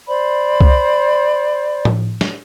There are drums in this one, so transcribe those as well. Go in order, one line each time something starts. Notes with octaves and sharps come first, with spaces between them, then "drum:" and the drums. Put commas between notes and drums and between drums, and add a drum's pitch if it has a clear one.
C5 D5 B5
drum: kick C2
drum: tom A2
drum: snare